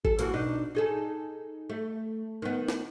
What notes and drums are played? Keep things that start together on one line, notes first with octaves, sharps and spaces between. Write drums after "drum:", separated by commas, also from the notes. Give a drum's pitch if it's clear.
A4, drum: kick G#1
E3 A#3 F#4, drum: hi-hat
B2 D4 D#4
D#4 G#4 A4
A3
D#3 B3
drum: snare